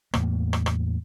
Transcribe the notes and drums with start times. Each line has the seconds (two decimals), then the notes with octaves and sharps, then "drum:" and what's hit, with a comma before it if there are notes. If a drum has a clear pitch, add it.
0.14 E2 A2 A#3, drum: rim click
0.53 drum: rim click
0.66 drum: rim click